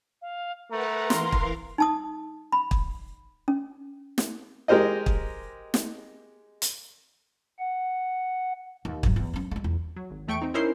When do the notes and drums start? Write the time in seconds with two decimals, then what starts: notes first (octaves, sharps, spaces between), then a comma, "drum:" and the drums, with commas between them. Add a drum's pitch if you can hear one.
0.22 F5
0.71 A3 A#4 B4 F#5 A#5
1.10 E3 A#4 F5 C6, drum: snare
1.32 drum: kick
1.78 D#4 A5 D#6
2.52 B5
2.71 drum: kick
3.48 C#4
4.18 drum: snare
4.68 G#3 G4 A#4 C5 D#5
5.06 drum: kick
5.74 drum: snare
6.62 drum: hi-hat
7.59 F#5
8.85 D#2
9.03 G#2 F#3, drum: kick
9.16 E2
9.34 F#3 C#4
9.51 G#3 A3
9.64 E2
9.96 F#3
10.10 G#1
10.28 E2 A3 G5 C#6 D7
10.42 C4 D#4
10.54 C#4 D#4 E4 A#4 C5 C7